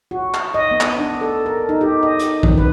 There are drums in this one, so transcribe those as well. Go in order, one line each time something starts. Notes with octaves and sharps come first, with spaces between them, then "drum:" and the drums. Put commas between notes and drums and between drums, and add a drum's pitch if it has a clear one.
F#4
drum: clap
D#5
B3
drum: clap
D4
A4
A#4
D#4
G4
D#5
drum: hi-hat
D#3, drum: kick
B4